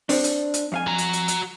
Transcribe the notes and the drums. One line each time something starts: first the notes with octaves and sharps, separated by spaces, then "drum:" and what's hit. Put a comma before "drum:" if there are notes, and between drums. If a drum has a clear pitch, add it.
C4 D4, drum: open hi-hat
drum: hi-hat
drum: hi-hat
F2 F5 G#5
F#4 A#5
drum: hi-hat
drum: hi-hat
drum: hi-hat